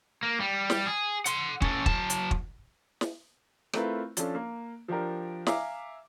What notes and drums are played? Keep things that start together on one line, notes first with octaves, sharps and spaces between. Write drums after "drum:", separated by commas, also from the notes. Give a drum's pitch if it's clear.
A#3
G3
drum: snare
G#4
F#5 C6, drum: hi-hat
C#4 A4, drum: kick
F#3 A5, drum: kick
drum: hi-hat
drum: kick
drum: snare
A3 C4 E4 F4 A#4 B4, drum: rim click
F3 C#4 D4 F4 A4, drum: hi-hat
A#3
F3 D4 G4 A#4
E5 F5 G#5 A#5 D6, drum: snare